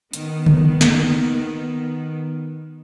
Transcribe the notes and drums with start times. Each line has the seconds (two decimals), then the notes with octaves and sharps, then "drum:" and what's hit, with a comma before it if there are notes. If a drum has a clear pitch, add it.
0.13 D#3 B3, drum: hi-hat
0.46 drum: tom C#3
0.81 drum: snare